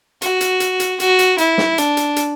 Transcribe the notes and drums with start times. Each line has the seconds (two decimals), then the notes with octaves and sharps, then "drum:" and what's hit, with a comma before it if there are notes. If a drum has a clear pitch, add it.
0.22 F#4, drum: hi-hat
0.41 drum: hi-hat
0.60 drum: hi-hat
0.80 drum: hi-hat
1.00 F#4, drum: hi-hat
1.19 drum: hi-hat
1.38 E4, drum: hi-hat
1.58 drum: snare
1.78 D4, drum: hi-hat
1.97 drum: hi-hat
2.16 drum: hi-hat